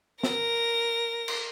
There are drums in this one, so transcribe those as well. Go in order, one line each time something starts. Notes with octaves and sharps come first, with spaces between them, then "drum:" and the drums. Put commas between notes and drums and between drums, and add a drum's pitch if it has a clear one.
A#4 A#6, drum: snare
drum: cymbal